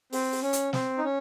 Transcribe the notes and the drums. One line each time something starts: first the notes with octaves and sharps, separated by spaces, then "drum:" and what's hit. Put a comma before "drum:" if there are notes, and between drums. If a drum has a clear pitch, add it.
C4, drum: open hi-hat
drum: open hi-hat
C#4
drum: hi-hat
C4, drum: snare
D#4
C#4